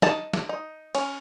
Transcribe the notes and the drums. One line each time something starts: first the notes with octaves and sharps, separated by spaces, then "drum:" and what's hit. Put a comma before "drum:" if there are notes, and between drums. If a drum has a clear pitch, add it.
D#4 A5, drum: snare
drum: snare
D#4
C#4, drum: cymbal